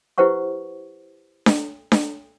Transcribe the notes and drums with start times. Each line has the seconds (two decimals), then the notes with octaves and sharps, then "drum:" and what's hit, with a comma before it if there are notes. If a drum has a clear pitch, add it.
0.18 E4 G4 B4 C5 F#5 C#6
1.46 drum: snare D4
1.92 drum: snare D4